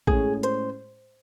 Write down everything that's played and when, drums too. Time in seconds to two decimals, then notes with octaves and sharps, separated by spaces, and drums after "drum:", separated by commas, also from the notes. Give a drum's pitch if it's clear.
0.07 A2 G#3 C#4 G#4, drum: kick A1
0.43 C5, drum: hi-hat